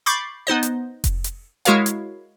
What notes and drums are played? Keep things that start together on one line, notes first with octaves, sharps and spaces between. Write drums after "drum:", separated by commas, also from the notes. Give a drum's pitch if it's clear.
B5 C#6 D6 G6 A6 C7
B3 D#4 C5 D#5
drum: hi-hat
drum: kick F1, hi-hat
drum: hi-hat
G#3 E4 F#4 A#4 C#5 F5, drum: hi-hat
drum: hi-hat